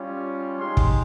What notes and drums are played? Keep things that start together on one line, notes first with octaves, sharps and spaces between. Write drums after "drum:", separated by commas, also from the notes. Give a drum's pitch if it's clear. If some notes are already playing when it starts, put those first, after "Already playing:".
Already playing: G3 C#4 F4
G#3 D#4 G4 C6
drum: kick